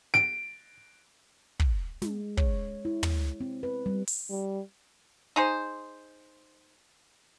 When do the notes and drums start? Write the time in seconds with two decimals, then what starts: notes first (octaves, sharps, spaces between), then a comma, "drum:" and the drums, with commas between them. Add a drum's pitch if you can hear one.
0.14 D7
1.60 drum: kick
2.02 G#3, drum: snare
2.37 C#5, drum: kick
2.85 E4
3.03 E4, drum: tom
3.40 C4
3.63 B4
3.86 G3
4.07 drum: open hi-hat
4.30 G3
5.36 D#4 G#4 C5